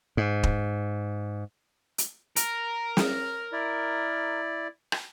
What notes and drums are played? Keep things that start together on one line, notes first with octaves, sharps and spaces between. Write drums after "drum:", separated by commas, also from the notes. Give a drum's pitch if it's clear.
G#2
drum: kick
drum: hi-hat
A#4, drum: hi-hat
drum: snare
E4 D5
drum: rim click